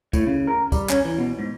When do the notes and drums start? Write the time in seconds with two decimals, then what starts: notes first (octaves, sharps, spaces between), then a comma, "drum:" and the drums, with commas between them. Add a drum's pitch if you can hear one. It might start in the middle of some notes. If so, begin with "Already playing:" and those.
0.13 A2, drum: kick, tambourine
0.26 C#3
0.47 A#4
0.72 G3, drum: kick, tambourine
0.90 C#4, drum: clap
1.05 E3
1.18 B2
1.39 G#2